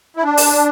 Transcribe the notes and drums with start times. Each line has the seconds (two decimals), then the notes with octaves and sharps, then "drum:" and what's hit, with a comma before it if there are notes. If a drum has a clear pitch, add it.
0.17 E4
0.23 D4
0.37 drum: open hi-hat